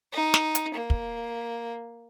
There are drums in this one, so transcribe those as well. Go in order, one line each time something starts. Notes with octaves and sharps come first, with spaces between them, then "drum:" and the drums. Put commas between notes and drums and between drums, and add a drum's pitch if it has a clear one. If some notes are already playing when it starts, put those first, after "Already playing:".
D#4
drum: snare
drum: hi-hat
A#3
drum: kick